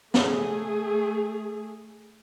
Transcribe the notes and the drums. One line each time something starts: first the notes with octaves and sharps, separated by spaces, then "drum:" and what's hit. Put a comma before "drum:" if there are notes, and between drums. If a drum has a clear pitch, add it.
A3 G#4, drum: snare